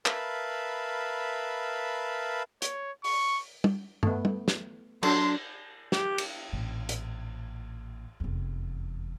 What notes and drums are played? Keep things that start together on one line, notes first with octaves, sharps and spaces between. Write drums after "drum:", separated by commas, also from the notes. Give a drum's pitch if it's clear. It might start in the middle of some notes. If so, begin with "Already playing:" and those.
A#4 B4 E5 F5 A5 B5, drum: clap
C#5, drum: hi-hat
C#6, drum: open hi-hat
drum: tom
A3 B3, drum: tom
drum: tom
drum: snare
F#3 D4 A4 C6, drum: cymbal
G4, drum: snare
drum: cymbal
A1 A#2
drum: hi-hat
F1 E2